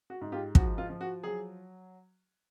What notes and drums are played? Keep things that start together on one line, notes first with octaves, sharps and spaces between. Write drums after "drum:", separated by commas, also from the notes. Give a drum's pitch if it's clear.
F#4
G#2
F4 G4
F3 F#4, drum: kick
F4
F3
F#4
F#3 G#4